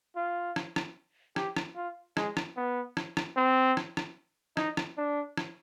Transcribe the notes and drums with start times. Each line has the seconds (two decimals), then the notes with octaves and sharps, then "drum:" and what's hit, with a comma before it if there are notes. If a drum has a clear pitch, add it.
0.16 F4
0.56 drum: rim click
0.76 drum: rim click
1.36 G4, drum: rim click
1.56 drum: rim click
1.76 F4
2.17 G#3, drum: rim click
2.37 drum: rim click
2.57 B3
2.97 drum: rim click
3.17 drum: rim click
3.37 C4
3.77 drum: rim click
3.97 drum: rim click
4.57 D#4, drum: rim click
4.77 drum: rim click
4.97 D4
5.37 drum: rim click